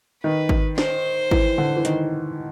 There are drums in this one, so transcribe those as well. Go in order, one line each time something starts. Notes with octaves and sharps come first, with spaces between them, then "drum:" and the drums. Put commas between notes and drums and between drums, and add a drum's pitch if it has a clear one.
D#3 B4
drum: kick G#1
C5, drum: snare
E3, drum: kick G#1
D3
E3
D#3, drum: hi-hat